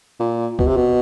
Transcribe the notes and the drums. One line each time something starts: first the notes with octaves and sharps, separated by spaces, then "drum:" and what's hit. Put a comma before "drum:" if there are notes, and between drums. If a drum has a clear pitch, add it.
A#2
B2, drum: kick
C3
B2